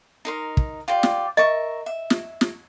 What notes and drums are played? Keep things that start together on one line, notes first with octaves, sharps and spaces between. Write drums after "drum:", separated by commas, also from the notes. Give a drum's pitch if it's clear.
D#4 A#4 C6
drum: kick
F4 G4 D5
drum: snare
A#4 D#5 E5 C#6
E5
drum: snare
drum: snare